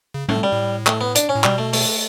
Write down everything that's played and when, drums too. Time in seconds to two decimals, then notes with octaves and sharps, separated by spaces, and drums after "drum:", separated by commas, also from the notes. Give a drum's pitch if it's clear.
0.14 C#3
0.29 A2 A3, drum: tom G3
0.43 G3
0.53 A2
0.87 A3, drum: clap
1.01 B3
1.15 D4, drum: hi-hat
1.29 C#4
1.36 A2
1.44 B2 G3, drum: clap
1.58 A3
1.73 A3, drum: open hi-hat